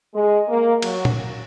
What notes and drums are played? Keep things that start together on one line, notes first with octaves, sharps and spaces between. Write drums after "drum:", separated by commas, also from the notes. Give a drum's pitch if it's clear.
G#3
A#3
F#3, drum: cymbal
drum: tom